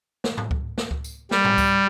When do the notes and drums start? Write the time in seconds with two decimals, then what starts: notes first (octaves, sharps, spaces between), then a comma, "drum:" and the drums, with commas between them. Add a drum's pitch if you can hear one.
0.24 drum: snare
0.37 drum: tom G#2
0.51 drum: kick C#2
0.78 drum: snare
0.91 drum: kick C#2
1.04 drum: tambourine
1.31 G3, drum: snare
1.44 drum: tom G#2
1.58 drum: kick C#2, tambourine